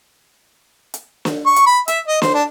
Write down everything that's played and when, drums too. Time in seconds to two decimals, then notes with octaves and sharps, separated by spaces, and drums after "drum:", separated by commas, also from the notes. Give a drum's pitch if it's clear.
0.94 drum: hi-hat
1.25 drum: snare
1.46 C#6
1.56 drum: hi-hat
1.66 B5
1.88 E5, drum: hi-hat
2.08 D#5
2.22 C5, drum: snare
2.34 D4